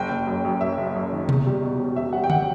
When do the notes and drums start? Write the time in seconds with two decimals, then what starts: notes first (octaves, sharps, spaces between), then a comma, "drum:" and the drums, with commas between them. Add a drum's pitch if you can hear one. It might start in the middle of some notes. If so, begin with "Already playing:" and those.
Already playing: F#1 G5
0.11 F#1
0.27 F#2
0.45 F#2
0.61 F#2 E5
0.77 F#1
0.95 F#2
1.12 D#3
1.29 E2, drum: tom B2
1.46 G3
1.62 B2
1.79 E1
1.96 E1 E5
2.13 G3 F#5
2.24 G5
2.30 F#5, drum: tom D3